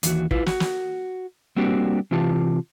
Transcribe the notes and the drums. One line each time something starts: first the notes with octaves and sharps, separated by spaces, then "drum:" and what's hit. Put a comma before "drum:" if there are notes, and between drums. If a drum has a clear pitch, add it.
D#2 E3 F#4, drum: hi-hat
E4 F4 B4, drum: kick
F#4, drum: snare
drum: snare
G3 A#3 C4 D4 F#4 G4
C3 E3 F4 G4 A5